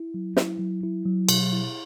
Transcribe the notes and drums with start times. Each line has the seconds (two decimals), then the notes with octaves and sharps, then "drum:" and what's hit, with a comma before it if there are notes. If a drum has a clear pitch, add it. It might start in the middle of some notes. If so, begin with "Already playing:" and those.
Already playing: E4
0.14 F#3
0.37 E4, drum: snare
0.59 F#3
0.83 E4
1.06 F#3
1.29 B2, drum: cymbal
1.52 E4